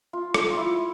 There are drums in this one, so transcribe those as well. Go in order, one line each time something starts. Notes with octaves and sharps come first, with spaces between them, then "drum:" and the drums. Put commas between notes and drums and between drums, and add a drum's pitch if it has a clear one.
F4
drum: rim click
F4
E4